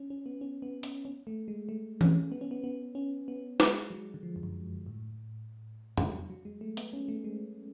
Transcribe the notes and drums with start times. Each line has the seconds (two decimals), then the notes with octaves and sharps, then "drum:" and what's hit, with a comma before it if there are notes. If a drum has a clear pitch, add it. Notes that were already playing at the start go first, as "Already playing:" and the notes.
Already playing: C#4
0.10 C#4
0.26 B3
0.41 C#4
0.62 B3
0.83 C#4, drum: hi-hat
1.05 C#4
1.27 A3
1.48 G#3
1.69 A3
2.01 C#4, drum: tom E3
2.32 B3
2.41 C#4
2.51 B3
2.64 B3
2.95 C#4
3.28 B3
3.60 G#3, drum: snare
3.90 F#3
4.14 D3
4.23 F3
4.36 F2
4.43 F#2
4.86 A2
5.98 drum: tom F2
6.13 F#3
6.30 F#3
6.45 G#3
6.61 A3
6.77 B3, drum: hi-hat
6.93 C#4
7.08 A3
7.24 G#3